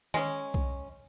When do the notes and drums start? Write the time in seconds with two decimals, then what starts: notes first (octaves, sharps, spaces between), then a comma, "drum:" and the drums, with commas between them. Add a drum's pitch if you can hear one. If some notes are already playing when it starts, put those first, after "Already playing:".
0.14 G#3 C#4, drum: tom D#3
0.54 drum: kick C2